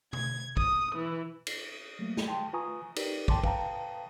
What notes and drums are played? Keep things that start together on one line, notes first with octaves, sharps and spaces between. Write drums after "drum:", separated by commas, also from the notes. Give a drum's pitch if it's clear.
G#6, drum: tom B2
D#6, drum: kick
E3
drum: cymbal
F#3 A3 A#3
drum: snare
G5 A5 C6
F4 B4 G#5 A#5 C#6 D#6
D#4 G4 A#4 B4 D5, drum: cymbal
G5 A5 C6 D6, drum: kick
B4 F5 G5 A5 A#5, drum: kick